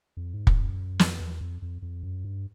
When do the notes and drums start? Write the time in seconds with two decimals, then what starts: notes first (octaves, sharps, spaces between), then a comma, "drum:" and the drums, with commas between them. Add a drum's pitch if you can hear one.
0.17 F2
0.34 G#2
0.47 G2, drum: kick
0.58 F#2
0.99 F2, drum: snare
1.20 E2
1.41 F2
1.62 F2
1.82 F2
2.03 F#2
2.25 G2